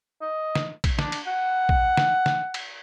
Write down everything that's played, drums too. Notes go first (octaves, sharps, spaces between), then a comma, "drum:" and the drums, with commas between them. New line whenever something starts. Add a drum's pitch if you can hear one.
D#5
drum: snare
drum: kick, cymbal
D4, drum: snare
drum: cymbal
F#5
drum: kick
drum: snare
drum: snare
drum: cymbal